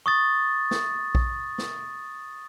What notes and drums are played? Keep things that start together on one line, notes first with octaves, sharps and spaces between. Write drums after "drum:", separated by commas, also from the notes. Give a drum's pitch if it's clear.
C#6 D#6 A6
drum: snare
drum: kick A#1
drum: snare